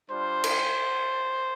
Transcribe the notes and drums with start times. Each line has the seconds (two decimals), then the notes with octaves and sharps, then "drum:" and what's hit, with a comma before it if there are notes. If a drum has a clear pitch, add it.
0.10 G3 D4 F4 C5
0.44 drum: cymbal